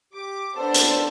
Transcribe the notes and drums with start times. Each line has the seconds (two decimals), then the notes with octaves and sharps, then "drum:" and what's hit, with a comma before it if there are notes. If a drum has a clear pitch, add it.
0.13 G4 D6
0.56 B3 D4 A4 C5 A5
0.74 drum: hi-hat